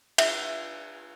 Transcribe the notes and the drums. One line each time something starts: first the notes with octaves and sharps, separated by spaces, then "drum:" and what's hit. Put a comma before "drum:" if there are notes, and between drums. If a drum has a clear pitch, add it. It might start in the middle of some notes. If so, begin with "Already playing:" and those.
E5, drum: cymbal